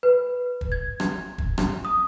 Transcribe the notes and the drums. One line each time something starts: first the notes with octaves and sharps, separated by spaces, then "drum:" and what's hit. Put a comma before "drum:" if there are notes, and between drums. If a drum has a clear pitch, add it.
B4
drum: kick
G#6
drum: rim click
drum: kick
drum: rim click
D#6